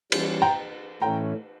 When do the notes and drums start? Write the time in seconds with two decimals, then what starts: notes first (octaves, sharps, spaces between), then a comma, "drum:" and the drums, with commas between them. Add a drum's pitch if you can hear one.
0.12 E3 G3 C#4, drum: cymbal
0.42 G5 A#5
1.02 A2 E3 A3 C#4 G5 A#5